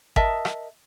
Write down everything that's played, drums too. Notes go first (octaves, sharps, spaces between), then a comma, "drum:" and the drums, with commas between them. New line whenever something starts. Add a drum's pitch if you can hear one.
A#4 D#5 E5 A5, drum: kick G#1
drum: rim click